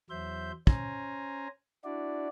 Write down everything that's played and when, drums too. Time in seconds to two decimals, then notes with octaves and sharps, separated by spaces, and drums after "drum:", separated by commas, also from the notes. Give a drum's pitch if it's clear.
0.10 E2 F#3 C5 E5 G6
0.67 C#4 C5 G#5 A#5, drum: kick
1.84 D4 E4 F#4 D5